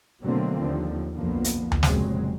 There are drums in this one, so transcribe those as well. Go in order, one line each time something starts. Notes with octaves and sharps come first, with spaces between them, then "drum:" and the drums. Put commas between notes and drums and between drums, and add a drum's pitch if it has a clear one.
B2 D3 F#3 A3 A#3 C4
D#2 D3 F3
B1 F2 D3 F3 A#3 B3
drum: hi-hat
drum: tom D2
F1 A#2 C#3 F#3 G#3 C4, drum: snare